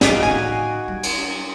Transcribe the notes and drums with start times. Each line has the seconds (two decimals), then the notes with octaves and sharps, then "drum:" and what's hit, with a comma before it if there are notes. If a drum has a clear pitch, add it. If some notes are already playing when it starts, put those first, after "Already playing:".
0.01 A#1 F2 D#4 F#4 D5 F5, drum: snare
0.23 A2 D3 G#5
0.88 G3
1.03 drum: cymbal